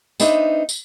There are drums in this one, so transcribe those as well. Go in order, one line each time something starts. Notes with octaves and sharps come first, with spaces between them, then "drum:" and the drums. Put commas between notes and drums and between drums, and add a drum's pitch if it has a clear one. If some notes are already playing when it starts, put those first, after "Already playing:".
B3 D4 D#4 B4 C5 E5, drum: tambourine
drum: tambourine